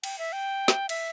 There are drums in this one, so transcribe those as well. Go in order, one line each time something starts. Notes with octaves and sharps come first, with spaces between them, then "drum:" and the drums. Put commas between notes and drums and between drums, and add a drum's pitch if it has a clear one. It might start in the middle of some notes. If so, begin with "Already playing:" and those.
G5, drum: cymbal
E5
G5
drum: snare
E5, drum: cymbal